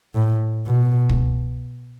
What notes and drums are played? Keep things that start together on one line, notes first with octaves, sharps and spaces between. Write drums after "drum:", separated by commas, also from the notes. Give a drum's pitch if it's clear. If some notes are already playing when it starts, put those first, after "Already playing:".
A2
B2
drum: kick